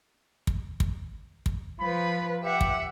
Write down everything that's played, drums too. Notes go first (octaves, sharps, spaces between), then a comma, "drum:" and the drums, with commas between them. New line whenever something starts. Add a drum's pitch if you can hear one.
drum: kick
drum: kick
drum: kick
F3 B4 B5
G4 E5 F#5
drum: kick